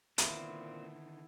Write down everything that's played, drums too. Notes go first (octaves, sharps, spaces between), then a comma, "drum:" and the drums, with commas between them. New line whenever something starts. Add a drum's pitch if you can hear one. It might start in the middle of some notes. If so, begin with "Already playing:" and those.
A#2 D3 D#3 B3 C4 E4, drum: hi-hat